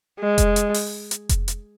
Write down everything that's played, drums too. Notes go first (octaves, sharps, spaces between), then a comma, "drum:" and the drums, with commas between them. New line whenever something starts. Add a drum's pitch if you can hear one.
G#3
drum: kick F1, hi-hat
drum: hi-hat
drum: open hi-hat
drum: hi-hat
drum: kick F1, hi-hat
drum: hi-hat